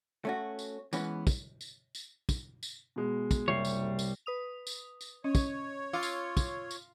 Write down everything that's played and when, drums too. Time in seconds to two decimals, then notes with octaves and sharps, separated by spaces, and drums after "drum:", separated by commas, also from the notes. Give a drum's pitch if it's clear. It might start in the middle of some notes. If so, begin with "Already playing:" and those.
0.25 A3 C#4 F#4
0.59 drum: tambourine
0.93 E3 G#3 B3 C#4, drum: tambourine
1.27 drum: kick, tambourine
1.61 drum: tambourine
1.95 drum: tambourine
2.29 drum: kick, tambourine
2.63 drum: tambourine
2.96 B2 G#3
3.31 drum: kick, tambourine
3.48 F#1 C2 G3 C#5 C7
3.65 drum: tambourine
3.99 drum: tambourine
4.26 B4 D#6 F7
4.67 drum: tambourine
5.01 drum: tambourine
5.24 C#4 C#5 D#5
5.35 drum: kick, tambourine
5.93 F4 D6 E6 C#7
6.03 drum: tambourine
6.37 drum: kick, tambourine
6.71 drum: tambourine